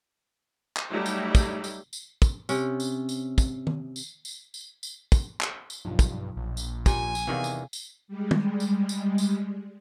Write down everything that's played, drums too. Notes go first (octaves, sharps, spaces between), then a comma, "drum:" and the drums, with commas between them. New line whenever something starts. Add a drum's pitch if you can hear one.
drum: clap
F#3 G3 A3 D#4 E4
drum: tambourine
drum: kick, tambourine
drum: tambourine
drum: tambourine
drum: kick, tambourine
C3 C#4, drum: tambourine
drum: tambourine
drum: tambourine
drum: kick, tambourine
drum: tom D#3
drum: tambourine
drum: tambourine
drum: tambourine
drum: tambourine
drum: kick, tambourine
drum: clap
drum: tambourine
B1 G2 F3
drum: kick, tambourine
A#1
drum: tambourine
A#2 G4 G#5, drum: kick, tambourine
drum: tambourine
E2 C3 D#3 E3 F5
drum: tambourine
drum: tambourine
G3 G#3
drum: tom
drum: tambourine
drum: tambourine
drum: tambourine